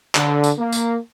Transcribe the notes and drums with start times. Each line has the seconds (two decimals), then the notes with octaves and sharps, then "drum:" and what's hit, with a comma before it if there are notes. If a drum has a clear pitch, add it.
0.15 D3, drum: clap
0.44 drum: tambourine
0.57 A#3
0.72 drum: tambourine